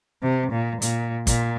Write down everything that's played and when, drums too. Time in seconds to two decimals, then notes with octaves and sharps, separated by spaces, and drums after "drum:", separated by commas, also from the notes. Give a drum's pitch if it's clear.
0.22 C3
0.52 A#2
0.82 A#2, drum: hi-hat
1.27 A#2, drum: kick, hi-hat